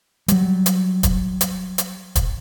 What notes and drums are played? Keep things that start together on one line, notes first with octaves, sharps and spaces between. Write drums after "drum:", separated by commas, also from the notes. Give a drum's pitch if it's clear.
F#3 G3, drum: hi-hat
drum: hi-hat
drum: kick, hi-hat
drum: hi-hat
drum: hi-hat
drum: kick, hi-hat